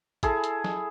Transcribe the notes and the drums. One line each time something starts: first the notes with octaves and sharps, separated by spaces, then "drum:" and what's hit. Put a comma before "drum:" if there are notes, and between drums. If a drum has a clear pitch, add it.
E4 G#4 A4, drum: kick, hi-hat
drum: hi-hat
drum: snare